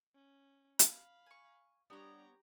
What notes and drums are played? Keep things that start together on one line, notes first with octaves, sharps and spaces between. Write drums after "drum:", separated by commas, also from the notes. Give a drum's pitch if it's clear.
C#4
F5 B5, drum: hi-hat
G#5 C#6
G3 B3 D4 G4 C#5 A#5